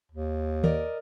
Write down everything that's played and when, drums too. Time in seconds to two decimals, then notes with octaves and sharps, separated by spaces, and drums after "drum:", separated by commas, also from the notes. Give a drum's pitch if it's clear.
0.12 D#2
0.64 A#4 D5 D#5, drum: tom D#3